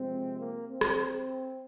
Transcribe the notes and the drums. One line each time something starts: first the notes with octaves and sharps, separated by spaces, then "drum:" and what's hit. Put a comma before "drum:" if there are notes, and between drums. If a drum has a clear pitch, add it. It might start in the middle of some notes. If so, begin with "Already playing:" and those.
Already playing: C3 F3 G#3 C4
A#3
C4
drum: rim click